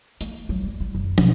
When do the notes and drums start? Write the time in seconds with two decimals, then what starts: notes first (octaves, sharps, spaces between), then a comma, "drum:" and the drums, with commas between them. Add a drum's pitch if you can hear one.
0.21 A#3, drum: hi-hat
0.49 F#3
0.63 G3
0.80 G3
0.95 F#2
1.18 B2, drum: tom